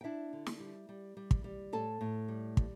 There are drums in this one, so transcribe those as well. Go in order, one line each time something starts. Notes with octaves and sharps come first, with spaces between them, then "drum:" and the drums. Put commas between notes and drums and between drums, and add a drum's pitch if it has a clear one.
G5
D4 E4 E5
D3
drum: snare
G3
G3
G3
drum: kick
G3
A2 A4 A5
A2
G3
G3, drum: kick